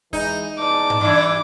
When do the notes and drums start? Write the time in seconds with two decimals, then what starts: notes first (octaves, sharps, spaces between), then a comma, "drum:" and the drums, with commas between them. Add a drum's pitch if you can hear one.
0.13 E3 G#3 D#4, drum: kick D#2, open hi-hat
0.59 E2 D5 A5 D6
0.90 drum: tom G#2
1.01 G2 E3 D4